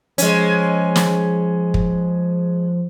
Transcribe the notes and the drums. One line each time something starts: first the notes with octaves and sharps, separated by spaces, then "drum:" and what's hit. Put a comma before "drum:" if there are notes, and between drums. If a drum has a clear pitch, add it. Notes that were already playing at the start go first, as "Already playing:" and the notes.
F3 G#3 C#4, drum: hi-hat
drum: snare
drum: kick